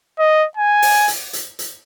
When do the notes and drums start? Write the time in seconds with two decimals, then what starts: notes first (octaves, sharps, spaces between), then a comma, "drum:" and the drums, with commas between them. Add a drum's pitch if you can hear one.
0.19 D#5
0.57 G#5
0.82 drum: open hi-hat
1.08 drum: hi-hat
1.33 drum: hi-hat
1.59 drum: hi-hat